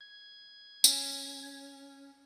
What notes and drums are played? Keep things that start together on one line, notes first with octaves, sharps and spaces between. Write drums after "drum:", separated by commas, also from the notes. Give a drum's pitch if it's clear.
G#6
C#4, drum: tambourine